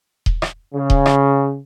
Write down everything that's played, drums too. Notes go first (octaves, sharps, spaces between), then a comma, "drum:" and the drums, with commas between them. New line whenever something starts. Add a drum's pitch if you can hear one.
drum: kick D#1
drum: rim click
C#3
drum: kick D#1
drum: rim click